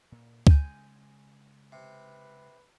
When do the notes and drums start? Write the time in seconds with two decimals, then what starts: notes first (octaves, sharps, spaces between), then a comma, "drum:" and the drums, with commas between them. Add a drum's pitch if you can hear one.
0.12 A#2
0.47 C#3 G#3 G#5 G6, drum: kick D2
1.72 C3 B4